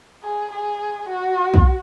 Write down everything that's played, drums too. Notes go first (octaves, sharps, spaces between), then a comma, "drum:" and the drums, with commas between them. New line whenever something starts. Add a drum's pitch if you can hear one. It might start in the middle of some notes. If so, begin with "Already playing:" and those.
G#4
G#4
F#4
drum: kick